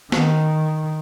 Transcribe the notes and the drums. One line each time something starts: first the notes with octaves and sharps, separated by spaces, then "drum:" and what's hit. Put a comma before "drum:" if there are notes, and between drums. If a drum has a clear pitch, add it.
D#3, drum: snare